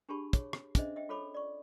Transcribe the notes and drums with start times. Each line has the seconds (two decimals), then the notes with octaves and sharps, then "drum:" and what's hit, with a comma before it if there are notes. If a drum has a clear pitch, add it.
0.09 D4 G4 G#4 A5 B5 C#6
0.33 G#4 C#5, drum: kick, hi-hat
0.53 drum: rim click
0.75 C#4 D4 G#4 C5 D#5 E5, drum: kick, hi-hat
0.96 D#5 E5 G5
1.09 F4 A4 C#5 B5 D6
1.34 D5 C#6